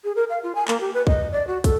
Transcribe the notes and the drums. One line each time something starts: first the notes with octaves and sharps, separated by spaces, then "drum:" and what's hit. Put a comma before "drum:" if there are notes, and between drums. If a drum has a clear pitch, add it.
G#4
A#4
F5
F4
G#5
A#3, drum: clap
G4
B4
D#5, drum: kick
D5
F#4
A4, drum: kick, hi-hat